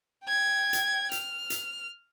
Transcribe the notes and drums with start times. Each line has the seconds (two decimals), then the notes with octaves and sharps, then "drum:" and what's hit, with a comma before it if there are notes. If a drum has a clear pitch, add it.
0.25 G5 G#6
0.73 drum: hi-hat
1.12 F6, drum: hi-hat
1.50 drum: hi-hat